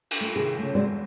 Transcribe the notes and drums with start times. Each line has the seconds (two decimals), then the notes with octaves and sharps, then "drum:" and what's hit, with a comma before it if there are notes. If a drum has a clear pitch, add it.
0.11 drum: cymbal
0.21 A3
0.36 C3 D#3 G#4
0.59 C#3 A3
0.75 C3 G#3 C4 F#4 D5
0.89 E2